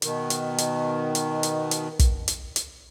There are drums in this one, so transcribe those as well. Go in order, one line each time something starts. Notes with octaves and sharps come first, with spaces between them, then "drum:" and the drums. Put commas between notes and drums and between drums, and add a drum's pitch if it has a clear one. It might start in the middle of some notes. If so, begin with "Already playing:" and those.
B2 D#3, drum: hi-hat
drum: hi-hat
drum: hi-hat
drum: hi-hat
drum: hi-hat
drum: hi-hat
drum: kick, hi-hat
drum: hi-hat
drum: hi-hat